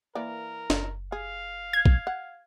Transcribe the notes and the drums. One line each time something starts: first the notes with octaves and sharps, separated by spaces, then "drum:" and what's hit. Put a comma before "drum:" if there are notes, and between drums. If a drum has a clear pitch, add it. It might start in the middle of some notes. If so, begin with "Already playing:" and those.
E3 A#3 A#4 D5
F#1, drum: snare
G#4 F5
G#6
drum: kick
F#5